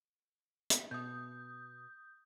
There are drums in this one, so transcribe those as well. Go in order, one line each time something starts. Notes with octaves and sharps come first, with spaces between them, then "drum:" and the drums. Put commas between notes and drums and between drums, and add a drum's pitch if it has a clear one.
drum: hi-hat
B2 D#6 G6